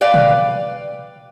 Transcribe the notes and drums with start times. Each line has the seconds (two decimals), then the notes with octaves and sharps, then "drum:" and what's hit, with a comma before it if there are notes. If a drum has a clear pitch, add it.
0.01 B4 D5 F5 G5
0.14 drum: tom